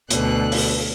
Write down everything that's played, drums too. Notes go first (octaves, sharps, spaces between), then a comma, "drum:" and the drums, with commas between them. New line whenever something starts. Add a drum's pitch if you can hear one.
D2 B2 D3 F#6, drum: hi-hat
drum: open hi-hat